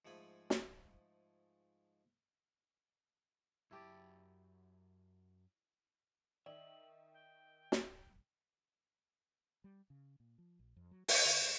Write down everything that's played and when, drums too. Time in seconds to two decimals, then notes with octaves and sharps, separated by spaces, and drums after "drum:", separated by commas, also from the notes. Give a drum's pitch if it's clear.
0.05 G#2 F3 A3 G#4 G#5 B5
0.50 drum: snare
3.71 F#2 E4 G4 D5 A5
6.46 D#3 D5 E5 F#7
7.13 G5
7.72 drum: snare
9.64 G3
9.90 C#3
10.20 A#2
10.38 F3
10.59 A#1
10.76 F2
10.91 F#3
11.08 C4, drum: open hi-hat
11.25 D3
11.40 G2